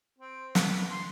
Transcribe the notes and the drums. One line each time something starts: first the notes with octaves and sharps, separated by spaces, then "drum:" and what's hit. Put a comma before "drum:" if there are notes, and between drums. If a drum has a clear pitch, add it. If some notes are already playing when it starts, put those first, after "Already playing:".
C4
B4, drum: snare
C6